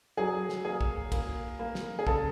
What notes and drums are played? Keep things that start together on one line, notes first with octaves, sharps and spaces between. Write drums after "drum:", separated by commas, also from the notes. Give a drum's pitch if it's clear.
F#3 G#4
drum: snare
A#3 G#4
drum: kick
A#3, drum: kick, cymbal
A#3
drum: snare
G#4
C#3 A4, drum: kick